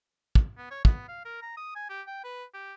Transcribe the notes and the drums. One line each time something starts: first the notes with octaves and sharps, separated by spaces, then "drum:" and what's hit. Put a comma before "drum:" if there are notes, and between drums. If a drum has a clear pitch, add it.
drum: kick
B3
C#5
B3, drum: kick
F5
A#4
A#5
D#6
G#5
G4
G5
B4
G4